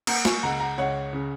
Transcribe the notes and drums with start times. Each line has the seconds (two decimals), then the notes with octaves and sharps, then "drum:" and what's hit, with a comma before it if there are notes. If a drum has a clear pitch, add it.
0.07 A#3 F#5 A#5, drum: cymbal
0.25 G#5 C#6, drum: snare
0.43 C#2 F#5 A#5
0.60 F#5 A#5
0.78 C#2 C#5 F#5
1.13 C#3